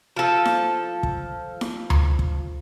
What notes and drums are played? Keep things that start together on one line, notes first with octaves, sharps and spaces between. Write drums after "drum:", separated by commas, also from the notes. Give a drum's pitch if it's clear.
F3 A4
drum: snare E4
drum: kick
drum: snare E4
drum: tom D2
drum: kick